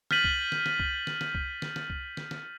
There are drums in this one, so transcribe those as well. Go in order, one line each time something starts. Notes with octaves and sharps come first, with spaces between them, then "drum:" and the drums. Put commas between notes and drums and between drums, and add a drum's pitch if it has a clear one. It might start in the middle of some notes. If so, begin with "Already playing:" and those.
F6 G6 A6 B6 D#7 F#7, drum: snare
drum: kick C2
drum: snare
drum: snare
drum: kick C2
drum: snare
drum: snare
drum: kick C2
drum: snare
drum: snare
drum: kick C2
drum: snare
drum: snare